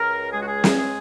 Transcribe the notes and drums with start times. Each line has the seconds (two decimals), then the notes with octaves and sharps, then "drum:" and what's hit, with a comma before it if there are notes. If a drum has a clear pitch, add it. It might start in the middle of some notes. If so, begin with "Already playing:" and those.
Already playing: C#2 A#4
0.32 G#3 G#4
0.40 F#4
0.47 G#4
0.64 drum: snare
0.77 G#3 G#4